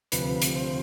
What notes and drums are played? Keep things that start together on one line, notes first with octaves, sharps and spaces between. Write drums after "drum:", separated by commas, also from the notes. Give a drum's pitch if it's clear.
D2 C3 F3 B4, drum: hi-hat
drum: hi-hat
C5